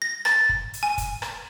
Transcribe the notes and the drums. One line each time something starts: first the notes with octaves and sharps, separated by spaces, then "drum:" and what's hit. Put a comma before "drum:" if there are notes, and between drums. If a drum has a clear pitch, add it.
A#6
A6, drum: rim click
drum: kick
drum: hi-hat
G#5
drum: kick, hi-hat
drum: rim click